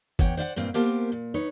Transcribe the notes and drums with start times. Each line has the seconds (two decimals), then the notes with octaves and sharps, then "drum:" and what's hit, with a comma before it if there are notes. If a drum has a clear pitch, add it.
0.19 E2 C#5 F#5 G5, drum: kick G#1
0.37 C5 D5 F5 F#5
0.56 G2 A#2 C4 F4
0.74 A#3 B3 G4 A#4 C5 A5
1.12 A#2
1.34 D#4 B4 C#5